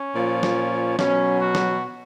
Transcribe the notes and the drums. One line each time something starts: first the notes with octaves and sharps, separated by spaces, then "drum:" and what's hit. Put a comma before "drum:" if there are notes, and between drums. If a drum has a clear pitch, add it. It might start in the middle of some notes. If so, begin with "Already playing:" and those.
Already playing: C#4
A#2 F3
drum: snare
B2 F#3 C#4, drum: snare
F#4
drum: snare